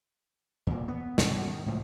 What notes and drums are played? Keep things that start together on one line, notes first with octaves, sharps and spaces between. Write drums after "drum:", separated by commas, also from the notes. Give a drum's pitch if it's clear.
E2 A#2
B3
E2 B2 C#4, drum: snare
B2 G3
D#3
C#2 A2 F3